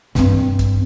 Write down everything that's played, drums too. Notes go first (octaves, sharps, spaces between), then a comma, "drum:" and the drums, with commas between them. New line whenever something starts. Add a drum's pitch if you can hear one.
G2 C4, drum: snare
drum: kick, hi-hat